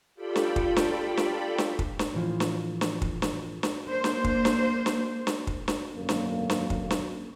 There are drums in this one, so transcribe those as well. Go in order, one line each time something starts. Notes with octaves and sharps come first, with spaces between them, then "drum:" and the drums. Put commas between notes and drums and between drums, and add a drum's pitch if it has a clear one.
F4 G4 A4 D5 G5 B5
drum: snare
drum: kick
drum: snare
drum: snare
drum: snare
drum: kick
drum: snare
A2 E3 F3
drum: snare
drum: snare
drum: kick
drum: snare
drum: snare
A#3 D4 C5
drum: snare
drum: kick
drum: snare
drum: snare
drum: snare
drum: kick
drum: snare
G#1 F#2 B2 D3 A#3
drum: snare
drum: snare
drum: kick
drum: snare